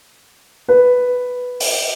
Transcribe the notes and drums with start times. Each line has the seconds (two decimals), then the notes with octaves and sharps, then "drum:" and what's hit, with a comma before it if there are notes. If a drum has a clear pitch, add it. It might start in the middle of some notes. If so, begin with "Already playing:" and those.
0.68 B4
1.60 drum: open hi-hat